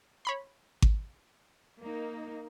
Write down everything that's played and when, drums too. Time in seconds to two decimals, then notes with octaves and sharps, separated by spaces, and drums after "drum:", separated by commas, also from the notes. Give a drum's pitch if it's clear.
0.25 C#5 B5 C6
0.82 drum: kick G#1
1.81 A#3 D#4